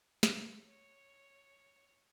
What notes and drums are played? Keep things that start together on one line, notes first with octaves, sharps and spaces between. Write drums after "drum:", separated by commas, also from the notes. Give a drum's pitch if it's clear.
C#5, drum: snare
C#5